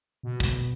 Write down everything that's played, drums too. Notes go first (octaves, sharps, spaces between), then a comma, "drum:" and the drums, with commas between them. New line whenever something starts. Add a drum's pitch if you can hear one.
B2
drum: kick